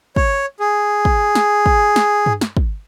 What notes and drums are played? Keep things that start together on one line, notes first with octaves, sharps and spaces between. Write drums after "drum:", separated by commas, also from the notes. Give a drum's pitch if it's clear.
C#5, drum: kick
G#4
drum: kick
drum: snare
drum: kick
drum: snare
drum: tom G2
drum: snare
drum: kick